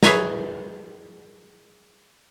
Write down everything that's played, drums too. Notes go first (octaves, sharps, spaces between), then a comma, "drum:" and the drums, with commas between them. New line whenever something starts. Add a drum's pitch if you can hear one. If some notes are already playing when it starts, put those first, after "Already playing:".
G#4 B4 C#5 E5 G#5 A#5, drum: snare